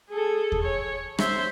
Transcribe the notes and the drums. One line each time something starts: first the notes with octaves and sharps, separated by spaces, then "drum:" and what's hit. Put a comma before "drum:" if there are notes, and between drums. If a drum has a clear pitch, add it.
G#4 A4
drum: kick D#2
C#5
C5 E5, drum: rim click